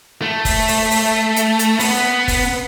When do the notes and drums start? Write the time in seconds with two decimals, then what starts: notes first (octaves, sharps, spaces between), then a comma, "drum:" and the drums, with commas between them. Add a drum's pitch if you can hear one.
0.22 A3
0.45 drum: kick F#1, open hi-hat
0.68 drum: open hi-hat
0.91 drum: open hi-hat
1.36 drum: hi-hat
1.59 drum: hi-hat
1.79 B3, drum: open hi-hat
2.28 drum: kick F#1, open hi-hat